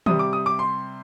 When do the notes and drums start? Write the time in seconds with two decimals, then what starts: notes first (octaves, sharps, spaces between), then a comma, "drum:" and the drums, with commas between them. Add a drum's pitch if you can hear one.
0.06 C3 G3 D#6, drum: tom D#3
0.19 D6
0.33 D#6
0.46 D6
0.59 C6